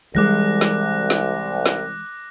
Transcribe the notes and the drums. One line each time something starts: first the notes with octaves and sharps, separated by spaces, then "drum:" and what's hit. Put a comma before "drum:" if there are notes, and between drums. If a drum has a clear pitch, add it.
C2 E3 G3 G#3 D6 F#6 A#6
drum: snare
drum: snare
drum: snare